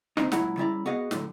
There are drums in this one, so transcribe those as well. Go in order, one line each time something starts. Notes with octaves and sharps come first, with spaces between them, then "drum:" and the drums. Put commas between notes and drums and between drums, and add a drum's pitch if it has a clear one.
C#3 A#3 C4 D#4, drum: rim click
C#2 A#2 F#3 E4 F#5 A#5, drum: snare
C#3 G3 E4 D5 A#5
B3 F#4 G#4 D#5 F5 F#5
A2 D3 F#3, drum: snare